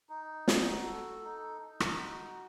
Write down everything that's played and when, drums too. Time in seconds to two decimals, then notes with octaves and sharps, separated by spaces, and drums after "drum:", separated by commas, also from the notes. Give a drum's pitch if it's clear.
0.09 D#4
0.48 F#4, drum: snare
0.86 A4
1.24 D#4
1.62 D#4
1.80 drum: rim click
2.00 F#4